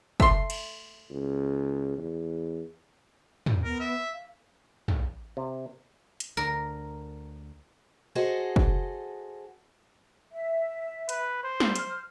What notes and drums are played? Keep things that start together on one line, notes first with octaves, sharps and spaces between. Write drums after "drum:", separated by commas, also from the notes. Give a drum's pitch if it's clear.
A3 C6, drum: kick
drum: cymbal
C#2
E2
drum: tom
B3 A#4
E5
F5
drum: tom
C3
drum: hi-hat
D2 D3 A#4
F#4 G#4 A4 C5 D#5 F#5
drum: kick
E5
B4, drum: hi-hat
C5
drum: snare
F6, drum: hi-hat